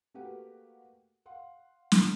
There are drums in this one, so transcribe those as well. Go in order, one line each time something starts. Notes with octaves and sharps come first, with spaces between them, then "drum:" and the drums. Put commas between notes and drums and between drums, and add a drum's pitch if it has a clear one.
A3 A#3 F#4 G4 B4 F#5
F5 F#5 C6
drum: snare